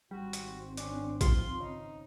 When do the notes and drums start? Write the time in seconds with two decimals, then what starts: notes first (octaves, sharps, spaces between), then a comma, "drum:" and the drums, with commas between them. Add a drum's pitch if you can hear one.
0.11 G#1 G3 C4 F#4
0.33 drum: hi-hat
0.77 C#4 D4, drum: hi-hat
1.21 F4 C6, drum: kick A#1, hi-hat
1.60 C#3 D#4